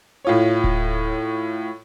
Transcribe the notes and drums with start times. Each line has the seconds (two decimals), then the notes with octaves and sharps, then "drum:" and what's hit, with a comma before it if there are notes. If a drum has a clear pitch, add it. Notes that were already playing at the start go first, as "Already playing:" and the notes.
0.25 A2 F4 C#5
0.64 drum: kick D1